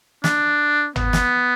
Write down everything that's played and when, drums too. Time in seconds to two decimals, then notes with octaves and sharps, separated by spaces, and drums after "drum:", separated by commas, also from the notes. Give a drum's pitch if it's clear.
0.24 D4, drum: snare
0.96 B3, drum: tom
1.13 drum: snare